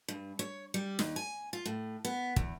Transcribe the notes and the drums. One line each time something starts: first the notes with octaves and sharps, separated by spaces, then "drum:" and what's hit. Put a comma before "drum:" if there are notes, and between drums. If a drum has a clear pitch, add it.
G2
C#5
G3
D#2, drum: snare
G#5
F4
A2
B3
E2, drum: kick